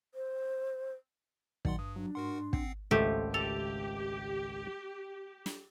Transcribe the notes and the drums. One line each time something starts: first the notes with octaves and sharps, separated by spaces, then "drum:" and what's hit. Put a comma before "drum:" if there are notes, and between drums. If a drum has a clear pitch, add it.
C5
A#2 D#3 F#3 D5 F#5 C6, drum: kick
G2 D#6
F#3 D4
G#2 F#4 A#4 F#5 C6
C4 F#5 C7, drum: kick
G#1 C#2 A3 F4 G4 A4 C5
G4 A4 F7
drum: snare